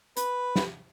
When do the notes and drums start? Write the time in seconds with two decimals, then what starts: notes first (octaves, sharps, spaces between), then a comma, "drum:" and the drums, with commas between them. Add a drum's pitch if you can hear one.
0.17 B4, drum: hi-hat
0.56 drum: snare